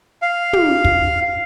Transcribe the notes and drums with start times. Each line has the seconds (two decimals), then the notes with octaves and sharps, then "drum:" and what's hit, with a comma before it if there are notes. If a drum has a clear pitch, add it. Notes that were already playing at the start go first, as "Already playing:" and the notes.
0.22 F5
0.53 drum: tom
0.85 drum: kick